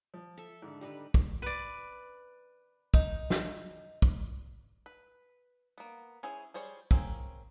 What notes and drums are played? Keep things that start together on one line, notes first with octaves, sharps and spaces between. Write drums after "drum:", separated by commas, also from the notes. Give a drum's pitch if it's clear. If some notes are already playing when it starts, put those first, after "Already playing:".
F3
A4 E5
G#2 D3
D3 G3 D#4 G4 B4
drum: kick
B4 D5
D#4, drum: kick
drum: snare
drum: kick
B4
A#3 B3
C#4 E4 G#4 C5
G3 G#4 C5 C#5
A#3 C4 C#4 G#4, drum: kick